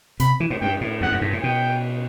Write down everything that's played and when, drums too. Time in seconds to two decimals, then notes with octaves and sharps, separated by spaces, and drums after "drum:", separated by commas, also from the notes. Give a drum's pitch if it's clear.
0.20 C3 B5, drum: hi-hat
0.40 E3
0.50 A2, drum: cymbal
0.61 G2 G5
0.81 A2
1.01 E2 F#5
1.12 F#2
1.21 G2
1.33 A2
1.42 B2 G5